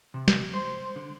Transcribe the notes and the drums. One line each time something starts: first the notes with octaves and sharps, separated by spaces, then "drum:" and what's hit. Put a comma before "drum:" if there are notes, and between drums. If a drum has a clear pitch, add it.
C3
drum: snare
C5
D3